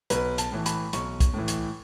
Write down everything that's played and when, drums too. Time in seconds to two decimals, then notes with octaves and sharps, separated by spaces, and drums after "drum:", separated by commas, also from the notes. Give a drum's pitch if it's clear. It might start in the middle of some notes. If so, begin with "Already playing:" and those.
0.10 B1 B4, drum: hi-hat
0.38 A5, drum: hi-hat
0.51 A2 E3
0.66 B5, drum: hi-hat
0.93 B1 C#6, drum: hi-hat
1.20 drum: kick, hi-hat
1.34 A2 E3
1.48 drum: hi-hat